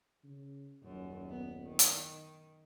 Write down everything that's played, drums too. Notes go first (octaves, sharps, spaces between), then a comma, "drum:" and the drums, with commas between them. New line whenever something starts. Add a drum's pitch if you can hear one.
C#3
D#1 F#2
B3
D#3
drum: hi-hat